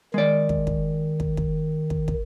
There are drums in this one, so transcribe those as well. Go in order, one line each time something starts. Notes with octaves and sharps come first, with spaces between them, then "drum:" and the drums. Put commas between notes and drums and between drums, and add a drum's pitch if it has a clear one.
D#3 G#3 D5
drum: kick
drum: kick
drum: kick
drum: kick
drum: kick
drum: kick